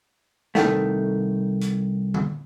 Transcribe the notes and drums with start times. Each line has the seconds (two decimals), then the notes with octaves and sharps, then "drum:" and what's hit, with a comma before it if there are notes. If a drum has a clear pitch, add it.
0.55 C2 D#3 A3, drum: snare
1.61 drum: hi-hat
2.14 drum: tom